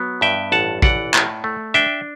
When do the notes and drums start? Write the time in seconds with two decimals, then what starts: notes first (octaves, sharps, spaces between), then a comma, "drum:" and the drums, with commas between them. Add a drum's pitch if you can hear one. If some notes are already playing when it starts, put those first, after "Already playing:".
Already playing: F#3 B3
0.21 G2 E5 G5
0.52 A1 F#5 A5
0.82 E3 D5 F#5, drum: kick
1.14 A2, drum: clap
1.44 A3
1.74 D4 E5 G5